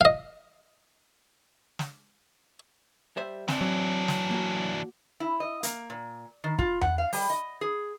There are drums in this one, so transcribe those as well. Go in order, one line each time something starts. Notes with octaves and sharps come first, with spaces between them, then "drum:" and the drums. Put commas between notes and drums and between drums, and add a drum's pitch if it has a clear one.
D#5 F5
drum: snare
G3 C5 E5
E3 C4 D4, drum: snare
F#3
drum: snare
A#3 F#4
E4
D#5
A#3, drum: hi-hat
A#2
D#3
F4, drum: kick
F#5, drum: tom E2
F5
G3, drum: open hi-hat
D#5
G#4